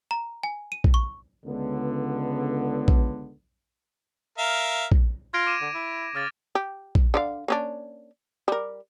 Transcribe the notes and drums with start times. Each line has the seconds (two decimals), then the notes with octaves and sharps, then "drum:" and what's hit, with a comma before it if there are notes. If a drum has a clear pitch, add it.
0.11 A#5
0.43 G#5
0.72 D#7
0.84 drum: kick
0.94 C#6
1.46 C#2 D3 B3
2.88 drum: kick
4.38 A#4 E5 F5
4.92 drum: kick
5.34 F4 G#6 A#6 D7
5.47 D6 D#7 E7
5.62 D3
5.74 E4
6.15 C#3 D6 F6 A6
6.55 G4
6.95 drum: kick
7.14 D3 D5 F5
7.48 A#3 C#4 D4
8.48 G3 A#4